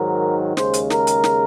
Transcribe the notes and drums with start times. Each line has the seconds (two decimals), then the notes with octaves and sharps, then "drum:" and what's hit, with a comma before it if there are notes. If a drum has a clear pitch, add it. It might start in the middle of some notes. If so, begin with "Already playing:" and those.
Already playing: G#2 D#3 F#3 A#4
0.57 D#2 C#3 G#3 C5, drum: snare
0.73 drum: hi-hat
0.90 A#4, drum: snare
1.07 drum: hi-hat
1.24 drum: snare